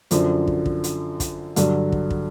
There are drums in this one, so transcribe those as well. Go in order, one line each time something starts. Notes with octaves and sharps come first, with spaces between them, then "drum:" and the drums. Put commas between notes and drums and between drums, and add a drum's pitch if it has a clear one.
F#2 D3 F3, drum: hi-hat
drum: kick
drum: kick
drum: hi-hat
drum: kick, hi-hat
G2 D3 F#3, drum: hi-hat
drum: kick
drum: kick